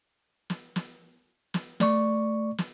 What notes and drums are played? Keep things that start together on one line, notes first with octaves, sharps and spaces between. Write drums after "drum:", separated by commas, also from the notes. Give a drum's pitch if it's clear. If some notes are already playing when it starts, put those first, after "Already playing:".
drum: snare
drum: snare
drum: snare
A3 D5 C#6, drum: snare
drum: snare